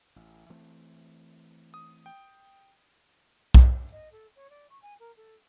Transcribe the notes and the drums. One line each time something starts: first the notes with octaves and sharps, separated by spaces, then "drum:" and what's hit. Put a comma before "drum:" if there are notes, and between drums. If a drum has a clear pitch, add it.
A1
E3 A3 C4
D#6
G5
drum: kick B1
D#5
A4
C#5
D5
C#6
G#5
A#4
A4